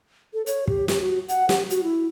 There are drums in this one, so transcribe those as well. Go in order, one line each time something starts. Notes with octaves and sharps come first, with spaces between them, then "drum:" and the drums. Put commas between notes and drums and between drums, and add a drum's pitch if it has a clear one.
A4
C#5, drum: hi-hat
G4, drum: kick
G4, drum: snare
F#4
F#5, drum: hi-hat
G4, drum: snare
F#4, drum: hi-hat
E4